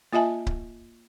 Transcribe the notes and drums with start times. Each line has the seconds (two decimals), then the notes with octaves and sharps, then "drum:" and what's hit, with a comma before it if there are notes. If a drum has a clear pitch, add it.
0.13 A#3 F4 D#5 E5 G#5 A5
0.47 drum: kick C#1